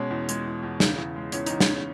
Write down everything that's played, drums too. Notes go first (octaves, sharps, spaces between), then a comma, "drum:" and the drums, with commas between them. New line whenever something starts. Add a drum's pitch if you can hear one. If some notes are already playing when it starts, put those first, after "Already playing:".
Already playing: B2 G#3 C#4
E2
G#3, drum: hi-hat
E2
E2
C#3, drum: snare
E2
G#3
E2 C#4, drum: hi-hat
E2 D#4, drum: hi-hat
C#4, drum: snare
E2